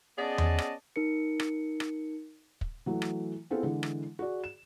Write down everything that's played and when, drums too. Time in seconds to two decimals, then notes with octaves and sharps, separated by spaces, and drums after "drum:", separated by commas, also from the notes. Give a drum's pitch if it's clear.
0.18 B3 C#4 G#4 D5 D#5 A5
0.38 drum: tom E2
0.58 drum: rim click
0.96 D#4 A#4 C#7
1.40 drum: rim click
1.80 drum: rim click
2.61 drum: kick
2.86 E3 F#3 A3
3.02 drum: rim click
3.50 B3 C4 E4 F4 G#4 A4
3.63 D3 E3 G#3
3.83 drum: rim click
4.19 F#4 G#4 D5
4.44 E7